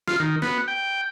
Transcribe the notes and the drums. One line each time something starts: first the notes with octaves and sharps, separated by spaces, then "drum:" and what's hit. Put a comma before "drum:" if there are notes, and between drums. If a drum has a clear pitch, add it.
F4, drum: snare
D#3
B3, drum: snare
G5